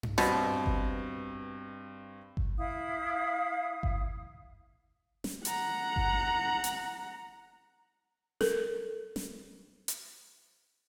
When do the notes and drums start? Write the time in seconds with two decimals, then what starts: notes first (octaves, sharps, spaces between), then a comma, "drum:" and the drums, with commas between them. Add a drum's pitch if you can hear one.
0.03 drum: tom G2
0.18 G2 B2 C4, drum: snare
0.66 drum: kick G1
2.37 drum: kick G1
2.58 E4 F5 D#6
3.83 drum: kick G1
5.24 drum: snare
5.45 F#5 A#5, drum: hi-hat
5.96 drum: kick G1
6.64 drum: hi-hat
8.41 A4 A#4, drum: snare
9.16 drum: snare
9.88 drum: hi-hat